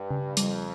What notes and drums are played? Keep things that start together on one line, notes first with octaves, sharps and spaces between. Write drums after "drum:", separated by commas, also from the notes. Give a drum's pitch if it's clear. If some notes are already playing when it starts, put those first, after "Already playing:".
Already playing: G2
C#3
F2 G3, drum: hi-hat